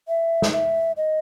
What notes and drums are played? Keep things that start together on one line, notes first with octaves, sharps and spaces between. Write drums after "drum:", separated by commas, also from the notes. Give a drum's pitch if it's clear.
E5
drum: snare
E5
D#5